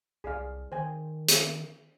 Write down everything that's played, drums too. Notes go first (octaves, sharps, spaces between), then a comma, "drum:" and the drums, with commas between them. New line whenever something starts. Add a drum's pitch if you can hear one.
C2 G#4 D5 F5
D#3 C5 G5 G#5
drum: hi-hat